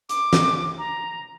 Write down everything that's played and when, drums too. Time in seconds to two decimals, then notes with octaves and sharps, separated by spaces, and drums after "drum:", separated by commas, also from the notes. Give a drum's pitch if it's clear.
0.09 D6, drum: hi-hat
0.33 drum: snare
0.78 A#5